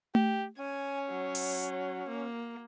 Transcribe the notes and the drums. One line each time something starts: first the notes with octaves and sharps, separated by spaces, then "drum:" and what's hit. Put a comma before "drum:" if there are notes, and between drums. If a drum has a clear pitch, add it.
G4, drum: tom A3
C#4 G#5
F#3
drum: open hi-hat
A#3